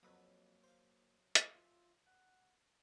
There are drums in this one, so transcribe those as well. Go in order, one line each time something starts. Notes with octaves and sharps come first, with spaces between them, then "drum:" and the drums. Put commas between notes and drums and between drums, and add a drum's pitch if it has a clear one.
F2 F#3 A#3 B4 D#6 E6
C5 F5
drum: hi-hat
F4 E5
F#5